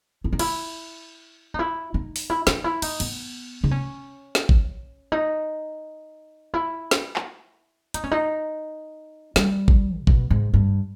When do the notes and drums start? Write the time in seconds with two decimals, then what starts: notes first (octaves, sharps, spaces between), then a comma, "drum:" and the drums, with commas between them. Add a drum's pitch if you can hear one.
0.24 E4
0.32 D#4
0.39 E4, drum: cymbal
1.54 D#4
1.59 E4
1.94 D#4
2.16 drum: open hi-hat
2.30 E4
2.47 D#4, drum: snare
2.64 E4
2.82 D#4, drum: cymbal
3.00 B3, drum: cymbal
3.64 D#4, drum: tom C3
3.71 C#4
4.35 drum: snare
4.49 drum: kick G#1
5.12 D#4
6.54 E4
6.91 drum: snare
7.16 drum: clap
7.94 D#4, drum: hi-hat
8.04 C#4
8.11 D#4
9.36 G3, drum: snare
9.68 drum: kick G#1
10.02 A#2
10.07 B2, drum: kick G#1
10.30 G#2
10.54 G2